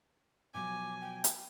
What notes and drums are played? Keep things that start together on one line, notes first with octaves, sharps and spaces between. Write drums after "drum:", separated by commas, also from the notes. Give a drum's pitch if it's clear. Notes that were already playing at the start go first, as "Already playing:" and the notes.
B2 F3 F#3 G#5 D6
G5
drum: hi-hat